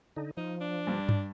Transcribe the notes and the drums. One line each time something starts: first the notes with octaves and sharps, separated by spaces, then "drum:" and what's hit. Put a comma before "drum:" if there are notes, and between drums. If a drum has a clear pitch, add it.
D3 D#4
F3 D#4
D4
G2
drum: tom G2